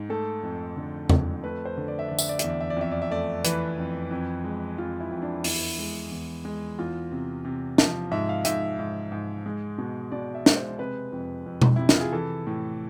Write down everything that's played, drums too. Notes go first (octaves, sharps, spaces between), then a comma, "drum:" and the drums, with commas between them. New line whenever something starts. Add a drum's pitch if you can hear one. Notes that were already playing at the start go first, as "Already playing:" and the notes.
Already playing: G#2
A3 A4
F2
D3
F2, drum: tom E2
A3 B4
C5
D3
D5
E5
D3 D5
E5, drum: tambourine
D5
E2 E5, drum: hi-hat
D5
E5
D5
F2 E5
D5
E5
A3 D5
E3 B4, drum: hi-hat
F2
F2
G#3
F2 F4
E4
F2
D4
E2 E4, drum: open hi-hat
G#3
E2
G#3
E2 F4
C3
C3
F3, drum: snare
G#2 E5
F5
G#2 E5, drum: hi-hat
G#2
G#2
G#3
B2
B2 D5
E5
G#3, drum: snare
C5
C3 B4
F2
F2
drum: tom B2
C3 E4
F4, drum: snare
G#4
E3 A4
A2